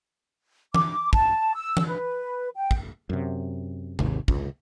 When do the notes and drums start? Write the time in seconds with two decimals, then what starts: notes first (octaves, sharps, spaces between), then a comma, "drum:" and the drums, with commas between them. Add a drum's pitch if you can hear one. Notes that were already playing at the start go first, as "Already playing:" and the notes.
0.74 D6, drum: tom
1.13 A5, drum: kick
1.55 E6
1.77 drum: tom
1.87 B4
2.56 G5
2.71 drum: kick
3.09 F#2 C3
3.99 G#1 D#2, drum: tom C3
4.28 C#2, drum: kick